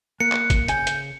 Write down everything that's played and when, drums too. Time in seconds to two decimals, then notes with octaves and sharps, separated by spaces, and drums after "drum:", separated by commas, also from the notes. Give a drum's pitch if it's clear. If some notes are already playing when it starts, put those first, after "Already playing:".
0.20 A#3 F#6 C#7
0.32 drum: clap
0.50 drum: kick, hi-hat
0.68 C#3 G#5 G6, drum: hi-hat
0.87 drum: hi-hat